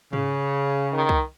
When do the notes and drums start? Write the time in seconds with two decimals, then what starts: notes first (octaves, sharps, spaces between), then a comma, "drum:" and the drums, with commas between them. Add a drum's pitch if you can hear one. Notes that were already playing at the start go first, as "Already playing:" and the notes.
0.13 C#3, drum: tom G#2
0.93 D#3
1.09 drum: kick C2